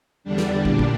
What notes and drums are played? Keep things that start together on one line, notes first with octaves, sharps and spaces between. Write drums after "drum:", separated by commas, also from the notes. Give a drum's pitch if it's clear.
E2 D3 G3 D4
drum: snare
A#2 G3 D4, drum: kick
drum: kick